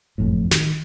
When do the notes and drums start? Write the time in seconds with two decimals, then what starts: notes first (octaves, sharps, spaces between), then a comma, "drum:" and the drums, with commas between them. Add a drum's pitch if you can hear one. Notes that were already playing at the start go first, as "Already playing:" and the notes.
0.18 F#1 F2 A2
0.51 D#3, drum: snare